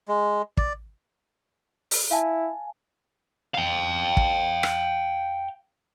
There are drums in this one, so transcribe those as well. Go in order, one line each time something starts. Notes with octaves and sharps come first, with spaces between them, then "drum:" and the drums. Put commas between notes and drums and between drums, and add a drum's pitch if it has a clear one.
G#3
D5, drum: kick
drum: open hi-hat
E4 F5 G#5 A5
F5 G5
drum: kick
drum: rim click